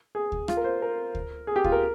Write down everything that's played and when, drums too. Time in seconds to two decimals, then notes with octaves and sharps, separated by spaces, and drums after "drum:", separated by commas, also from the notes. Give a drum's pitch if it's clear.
0.15 G#4
0.32 drum: kick D2
0.48 F4, drum: rim click
0.57 A#4
0.64 C5
0.82 A#4
1.15 drum: kick D2
1.47 G#4
1.56 G4
1.64 F4, drum: kick D2
1.72 A#4